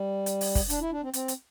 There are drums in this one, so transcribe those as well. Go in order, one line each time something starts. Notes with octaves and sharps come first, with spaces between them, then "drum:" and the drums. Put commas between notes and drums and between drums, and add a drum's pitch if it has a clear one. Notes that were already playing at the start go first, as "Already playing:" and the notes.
Already playing: G3
drum: hi-hat
drum: open hi-hat
drum: kick, open hi-hat
D4, drum: hi-hat
E4
D4
C4
C4, drum: hi-hat
drum: hi-hat